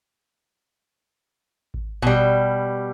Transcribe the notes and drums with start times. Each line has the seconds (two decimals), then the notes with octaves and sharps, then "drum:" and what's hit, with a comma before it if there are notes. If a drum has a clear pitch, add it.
1.74 drum: kick G#1
2.02 B2 G3, drum: kick G#1